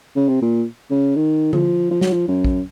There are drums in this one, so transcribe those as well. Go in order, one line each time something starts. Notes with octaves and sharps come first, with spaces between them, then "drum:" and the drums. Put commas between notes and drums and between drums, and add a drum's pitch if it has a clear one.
C#3
C3
A#2
C#3
D#3
F3, drum: tom D3
F3
F#3, drum: snare
F3
F#2
drum: kick